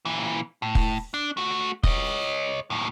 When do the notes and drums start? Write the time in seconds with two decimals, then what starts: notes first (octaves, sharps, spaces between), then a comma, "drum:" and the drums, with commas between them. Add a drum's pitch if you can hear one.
0.05 A#2 E3
0.62 A2
0.75 drum: kick
1.14 D4
1.37 A3 F#4
1.83 C#5 D#5, drum: kick
2.70 D#2 A2